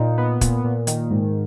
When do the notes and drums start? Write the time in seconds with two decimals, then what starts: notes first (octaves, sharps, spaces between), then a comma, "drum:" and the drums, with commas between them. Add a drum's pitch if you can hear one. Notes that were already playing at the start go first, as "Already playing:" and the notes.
Already playing: A#2 D#4
0.18 B3
0.41 A#2, drum: kick, hi-hat
0.64 A#2
0.87 D#3, drum: hi-hat
1.11 G#2